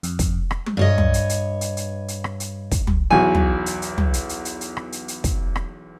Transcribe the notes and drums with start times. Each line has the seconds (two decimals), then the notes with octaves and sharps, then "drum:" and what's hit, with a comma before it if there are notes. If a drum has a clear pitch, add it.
0.03 F2, drum: hi-hat
0.19 drum: kick, hi-hat
0.51 drum: rim click
0.66 drum: tom
0.77 G2 C#5 D#5
0.98 drum: tom
1.14 drum: hi-hat
1.29 drum: hi-hat
1.61 drum: hi-hat
1.77 drum: hi-hat
2.08 drum: hi-hat
2.24 drum: rim click
2.40 drum: hi-hat
2.71 drum: kick, hi-hat
2.87 drum: tom
3.10 B1 E2 F#4 G#5
3.35 drum: tom
3.66 drum: hi-hat
3.82 drum: hi-hat
3.98 drum: tom
4.14 drum: hi-hat
4.29 drum: hi-hat
4.45 drum: hi-hat
4.61 drum: hi-hat
4.77 drum: rim click
4.92 drum: hi-hat
5.08 drum: hi-hat
5.24 drum: kick, hi-hat
5.56 drum: rim click